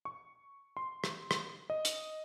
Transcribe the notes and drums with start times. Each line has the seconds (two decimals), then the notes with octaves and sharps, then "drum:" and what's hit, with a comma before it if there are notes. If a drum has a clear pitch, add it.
0.05 C#6
0.77 C6
1.04 drum: rim click
1.31 drum: rim click
1.70 D#5
1.85 drum: hi-hat